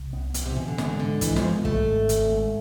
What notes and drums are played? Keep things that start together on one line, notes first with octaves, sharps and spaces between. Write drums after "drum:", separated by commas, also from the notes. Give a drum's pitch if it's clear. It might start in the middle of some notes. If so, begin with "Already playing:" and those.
Already playing: C2
B3
E3 B3, drum: hi-hat
C3
B2 E3
D3
G#2 D3, drum: snare
D3 G#3
E3 G#3, drum: kick, hi-hat
F3, drum: snare
G#2
G#1 A3, drum: kick
G#1
G#1, drum: hi-hat
G#2